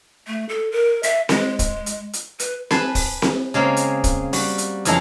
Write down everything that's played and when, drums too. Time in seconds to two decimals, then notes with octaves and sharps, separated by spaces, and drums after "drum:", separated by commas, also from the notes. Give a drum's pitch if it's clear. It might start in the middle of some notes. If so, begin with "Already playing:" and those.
0.27 A3
0.49 A4
0.72 A#4
1.03 E5, drum: hi-hat
1.29 G#3, drum: snare C4
1.59 drum: kick, hi-hat
1.86 drum: hi-hat
2.13 drum: hi-hat
2.40 B4, drum: hi-hat
2.71 B4 G#5 A5 C6, drum: snare C4
2.95 drum: kick, open hi-hat
3.22 drum: snare C4
3.54 C#3 G#3 A#3 C4
3.77 drum: hi-hat
4.04 drum: kick, hi-hat
4.33 G3 F#4, drum: open hi-hat
4.58 drum: hi-hat
4.85 F2 C#3 E3 G#3 A4 A#5, drum: hi-hat